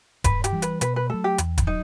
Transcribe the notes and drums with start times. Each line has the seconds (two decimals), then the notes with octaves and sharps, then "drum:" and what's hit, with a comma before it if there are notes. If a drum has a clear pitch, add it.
0.24 G2 B4, drum: kick D#1, hi-hat
0.44 G4, drum: hi-hat
0.53 E3 G3
0.62 B4, drum: hi-hat
0.81 B2 B4, drum: hi-hat
0.96 B4
1.10 F#3 A3 A4
1.24 G4
1.38 E2, drum: hi-hat
1.58 drum: kick D#1, hi-hat
1.67 F#3 D#4